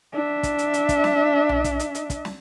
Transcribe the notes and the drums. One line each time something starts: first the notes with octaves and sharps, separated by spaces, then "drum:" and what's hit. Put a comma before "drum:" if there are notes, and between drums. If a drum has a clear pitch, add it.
D4 E5
drum: kick, hi-hat
drum: hi-hat
drum: hi-hat
drum: kick, hi-hat
drum: snare
drum: tom B1
drum: kick, hi-hat
drum: hi-hat
drum: hi-hat
drum: kick, hi-hat
drum: snare